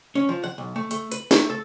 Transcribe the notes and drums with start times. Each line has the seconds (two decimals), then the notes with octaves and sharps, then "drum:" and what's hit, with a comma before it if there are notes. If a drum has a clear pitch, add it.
0.15 C#4
0.29 F3
0.44 F#5
0.58 B1
0.76 A3
0.91 A3, drum: hi-hat
1.12 B4, drum: hi-hat
1.31 A3, drum: snare
1.50 A4